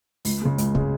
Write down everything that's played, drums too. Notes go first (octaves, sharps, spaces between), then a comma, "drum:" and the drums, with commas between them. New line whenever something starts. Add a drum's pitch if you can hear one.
C#2, drum: open hi-hat
C#3 G#3
C#2, drum: hi-hat
C#3 G#3, drum: kick